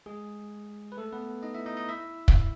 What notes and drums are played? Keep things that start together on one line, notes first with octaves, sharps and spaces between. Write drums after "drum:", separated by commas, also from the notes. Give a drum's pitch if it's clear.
G#3 G#4
B4
A3 A4
B3 B4
D#4 D#5
E4 E5
D#4 D#5
D#4 D#5
E4 E5
drum: kick